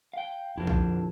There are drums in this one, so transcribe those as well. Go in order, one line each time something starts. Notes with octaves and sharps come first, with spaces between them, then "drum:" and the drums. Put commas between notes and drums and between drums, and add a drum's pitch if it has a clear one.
F5 G5
A#1 F2 D3 E4 C5 A5
drum: kick A#1